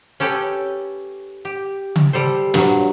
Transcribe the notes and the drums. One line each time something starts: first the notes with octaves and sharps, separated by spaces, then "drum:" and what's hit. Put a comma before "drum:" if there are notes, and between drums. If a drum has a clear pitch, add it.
C#4 G4 A4 B4 G5
G4
drum: tom C#3
G3 A4 C5
G2 F#3, drum: snare